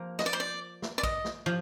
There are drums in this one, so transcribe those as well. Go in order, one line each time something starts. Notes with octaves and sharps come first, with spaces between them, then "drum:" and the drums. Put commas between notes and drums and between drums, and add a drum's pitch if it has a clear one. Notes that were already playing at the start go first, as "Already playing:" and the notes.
Already playing: F3 A#3 F4 A#4
D#5, drum: snare
D5
C5
D5
drum: snare
D5
D#5, drum: kick
drum: snare
F3